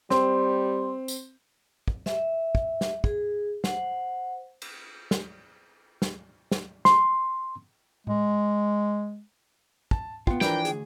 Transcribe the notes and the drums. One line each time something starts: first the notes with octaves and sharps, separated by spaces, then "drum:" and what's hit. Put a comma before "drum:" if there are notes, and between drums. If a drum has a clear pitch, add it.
G3 C4 C6, drum: snare
drum: tambourine
drum: kick
E5, drum: snare
drum: kick
drum: snare
G#4, drum: kick
C5 F#5, drum: snare
drum: cymbal
drum: snare
drum: snare
drum: snare
C6, drum: snare
G#3, drum: tom A2
A5, drum: kick
B3 F4 G5, drum: kick
E3 F3 D4 A#4 B4 G5, drum: snare
D2 G#4, drum: hi-hat